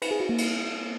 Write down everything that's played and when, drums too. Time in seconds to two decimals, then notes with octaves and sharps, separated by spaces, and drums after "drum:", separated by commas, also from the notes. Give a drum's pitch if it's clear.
0.02 B4, drum: cymbal
0.11 G#4
0.20 F#4
0.29 A#3
0.38 drum: cymbal